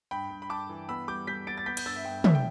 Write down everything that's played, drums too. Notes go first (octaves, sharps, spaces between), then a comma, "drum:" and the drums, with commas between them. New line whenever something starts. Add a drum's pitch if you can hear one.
G2 G5 B5
G2
B5
G2 A5 D6
E3
B3 B5 E6
G3 D6 G6
G3 G6 B6
B3 A6 D7
A6
B3 G6 B6
G6, drum: cymbal
G2 E6 A6
E5
G2 G5
G2 E5, drum: tom
G5